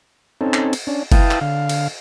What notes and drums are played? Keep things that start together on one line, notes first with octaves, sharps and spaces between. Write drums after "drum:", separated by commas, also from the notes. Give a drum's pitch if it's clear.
C4 C#4 D#4 A4
drum: clap
drum: cymbal
C#4 D4
E4 B4 F5 G5 A5 D#6, drum: kick, cymbal
drum: clap
D3 F5
drum: cymbal